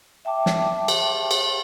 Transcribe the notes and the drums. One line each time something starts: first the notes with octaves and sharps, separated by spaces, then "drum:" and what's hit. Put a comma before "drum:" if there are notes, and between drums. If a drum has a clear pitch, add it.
E5 G5 A5 D6
drum: snare
drum: cymbal
drum: cymbal